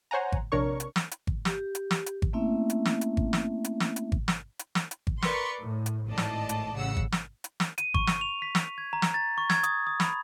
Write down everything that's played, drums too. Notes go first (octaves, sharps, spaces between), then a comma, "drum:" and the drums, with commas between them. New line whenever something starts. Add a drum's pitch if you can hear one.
C5 C#5 F#5 G#5 A#5
drum: kick G#1
A#1 C3 D4 A#4 C#5 C#6
drum: hi-hat
drum: snare
drum: hi-hat
drum: kick G#1
G4, drum: snare
drum: hi-hat
drum: snare
drum: hi-hat
drum: kick G#1
A3 A#3 C4 C#4 E4 E5
drum: hi-hat
drum: snare
drum: hi-hat
drum: kick G#1
drum: snare
drum: hi-hat
drum: snare
drum: hi-hat
drum: kick G#1
drum: snare
drum: hi-hat
drum: snare
drum: hi-hat
drum: kick G#1
A#4 B4 D5 C6 C#6, drum: snare
A2
drum: hi-hat
G#1 A2 D5 D#5 A5
drum: snare
drum: hi-hat
A1 C#3 F#5 E6
drum: kick G#1
drum: snare
drum: hi-hat
drum: snare
D#7, drum: hi-hat
C#6, drum: kick G#1
drum: snare
F7
B6
drum: snare
G#6
A#5
drum: snare
A6
C#6
G#6, drum: snare
D#6, drum: hi-hat
D#6
B5, drum: snare